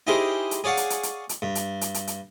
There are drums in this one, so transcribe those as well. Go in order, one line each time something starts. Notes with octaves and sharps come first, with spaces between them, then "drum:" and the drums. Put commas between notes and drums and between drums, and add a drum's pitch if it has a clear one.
D#4 E4 G4 G#4 A#4 C5
drum: hi-hat
G#4 C#5 D5 F5 F#5
drum: hi-hat
drum: hi-hat
drum: hi-hat
drum: hi-hat
G2
drum: hi-hat
drum: hi-hat
drum: hi-hat
drum: hi-hat